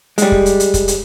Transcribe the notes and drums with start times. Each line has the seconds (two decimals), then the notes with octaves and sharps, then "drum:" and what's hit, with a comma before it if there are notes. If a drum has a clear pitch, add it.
0.18 G3 G#3, drum: hi-hat
0.32 drum: kick
0.46 drum: hi-hat
0.60 drum: hi-hat
0.74 drum: kick, hi-hat
0.88 drum: hi-hat